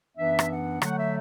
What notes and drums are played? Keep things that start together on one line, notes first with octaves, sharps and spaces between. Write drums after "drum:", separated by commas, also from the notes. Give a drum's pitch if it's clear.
F#2 E3 B3 D4 E5
drum: rim click
F#5
D3 F#3 A3 F#5, drum: rim click
E5